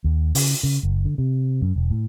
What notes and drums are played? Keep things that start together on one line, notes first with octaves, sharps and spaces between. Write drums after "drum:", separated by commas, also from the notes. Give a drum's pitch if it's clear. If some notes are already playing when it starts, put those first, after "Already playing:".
D#2
C#3, drum: open hi-hat
C#3
F#1
D3
C3
F#2
E1
A2